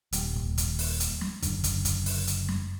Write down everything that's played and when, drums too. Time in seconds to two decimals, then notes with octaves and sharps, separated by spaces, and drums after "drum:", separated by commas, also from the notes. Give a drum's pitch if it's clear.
0.12 D#1 D#2 G3, drum: hi-hat
0.36 drum: kick
0.58 drum: kick, hi-hat
0.79 drum: open hi-hat
1.00 drum: hi-hat
1.21 drum: snare
1.42 F#1 F#2 D3, drum: hi-hat
1.64 drum: kick, hi-hat
1.85 drum: kick, hi-hat
2.06 drum: open hi-hat
2.27 drum: hi-hat
2.48 drum: snare